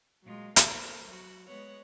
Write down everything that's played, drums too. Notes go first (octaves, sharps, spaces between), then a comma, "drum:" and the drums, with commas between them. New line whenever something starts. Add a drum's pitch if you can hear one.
A#2 F#3 G#3 F4
A#3 A4 A#4 C5, drum: hi-hat
F#3 F#4
G#3 B3 C#5 F#5